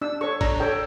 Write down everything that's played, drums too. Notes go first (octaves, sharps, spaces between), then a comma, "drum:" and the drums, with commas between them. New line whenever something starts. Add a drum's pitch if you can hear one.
D4 E6
A4 C#5 C#6
D4 A#5, drum: kick, cymbal
A4 C#5 G5